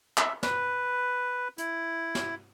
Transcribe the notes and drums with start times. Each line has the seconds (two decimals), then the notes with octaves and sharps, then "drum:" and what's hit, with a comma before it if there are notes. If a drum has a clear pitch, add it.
0.18 E5, drum: clap
0.43 B4, drum: snare
1.58 E4, drum: hi-hat
2.15 drum: snare